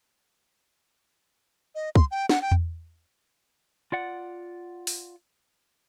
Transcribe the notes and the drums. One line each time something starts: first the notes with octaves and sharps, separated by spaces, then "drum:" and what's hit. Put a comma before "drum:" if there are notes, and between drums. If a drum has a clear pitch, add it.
D#5
C6, drum: kick
G5
F#5, drum: snare
G5
drum: tom E2
F4 D5 F#5
drum: open hi-hat